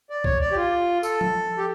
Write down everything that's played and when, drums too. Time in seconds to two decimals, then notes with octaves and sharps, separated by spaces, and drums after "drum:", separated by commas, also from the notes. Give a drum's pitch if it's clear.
0.10 D5
0.24 C#5, drum: kick
0.41 D5
0.52 G4
0.56 F4
1.03 A4, drum: tambourine
1.21 drum: tom F3
1.58 G4